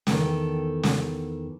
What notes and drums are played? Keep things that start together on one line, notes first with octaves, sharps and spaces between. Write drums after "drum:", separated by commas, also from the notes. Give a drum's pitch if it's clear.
E2 D#3 A4 B4 G5, drum: snare
drum: snare